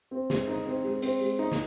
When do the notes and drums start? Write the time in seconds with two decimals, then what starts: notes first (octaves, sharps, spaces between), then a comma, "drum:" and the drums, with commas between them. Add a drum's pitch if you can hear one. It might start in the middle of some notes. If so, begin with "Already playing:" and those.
0.11 C4
0.30 G#3, drum: snare
0.48 D#4
0.66 C4
0.84 G#3
1.02 C4, drum: hi-hat
1.21 G#3
1.39 D#4
1.52 drum: snare